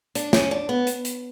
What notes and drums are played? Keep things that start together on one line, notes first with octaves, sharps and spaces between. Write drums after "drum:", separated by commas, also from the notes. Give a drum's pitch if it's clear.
D4, drum: hi-hat
C#4, drum: snare
D4
B3
drum: hi-hat
drum: hi-hat